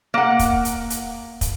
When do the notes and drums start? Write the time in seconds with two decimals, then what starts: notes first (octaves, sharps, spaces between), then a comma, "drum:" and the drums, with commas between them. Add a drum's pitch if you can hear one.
0.14 A#3 F#5
0.39 drum: kick, hi-hat
0.65 drum: hi-hat
0.90 drum: hi-hat
1.41 drum: kick, hi-hat